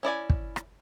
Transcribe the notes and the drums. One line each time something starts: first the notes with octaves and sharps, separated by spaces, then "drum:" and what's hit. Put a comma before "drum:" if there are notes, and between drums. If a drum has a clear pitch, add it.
C#4 E4 D5 G#5
drum: kick
drum: rim click